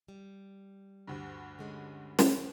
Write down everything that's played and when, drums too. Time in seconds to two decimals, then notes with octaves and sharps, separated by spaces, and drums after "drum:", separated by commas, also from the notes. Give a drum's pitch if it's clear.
0.08 G3
1.08 D2 G2
1.59 D3 G#3 C#4
2.19 drum: snare